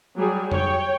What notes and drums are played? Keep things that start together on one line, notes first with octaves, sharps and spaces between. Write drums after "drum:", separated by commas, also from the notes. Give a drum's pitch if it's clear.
F#3 G3 G#4
C#5 G5, drum: tom F2